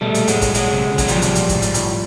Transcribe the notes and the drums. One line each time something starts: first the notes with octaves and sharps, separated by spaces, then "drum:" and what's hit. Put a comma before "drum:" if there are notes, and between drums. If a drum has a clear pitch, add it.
B2 G3 A3
A#2, drum: hi-hat
G#2 F#3 G#3, drum: hi-hat
A2, drum: kick G#1, hi-hat
A#2 F#3 G#3, drum: hi-hat
C3
C#3
F#3, drum: kick G#1, hi-hat
A#2 F3 G3, drum: hi-hat
C3, drum: hi-hat
A#2, drum: hi-hat
A2, drum: kick G#1, hi-hat
G#2, drum: hi-hat
A#2, drum: hi-hat
A2